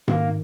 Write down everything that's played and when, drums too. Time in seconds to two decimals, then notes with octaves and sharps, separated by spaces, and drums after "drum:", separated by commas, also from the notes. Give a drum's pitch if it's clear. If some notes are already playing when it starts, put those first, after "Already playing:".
0.08 D#3 A#3, drum: tom G#2